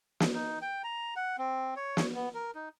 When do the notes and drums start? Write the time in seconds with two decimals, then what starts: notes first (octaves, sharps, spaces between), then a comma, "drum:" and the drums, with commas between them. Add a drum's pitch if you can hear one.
0.20 drum: snare
0.34 D#4
0.62 G5
0.84 A#5
1.16 F#5
1.38 C4
1.76 C#5
1.97 drum: snare
2.14 B3
2.34 A#4
2.55 D#4